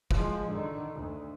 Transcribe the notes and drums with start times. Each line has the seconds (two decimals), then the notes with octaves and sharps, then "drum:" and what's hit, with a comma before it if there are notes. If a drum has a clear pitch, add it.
0.11 F3 G#3, drum: kick
0.52 D3 D#3
0.95 D2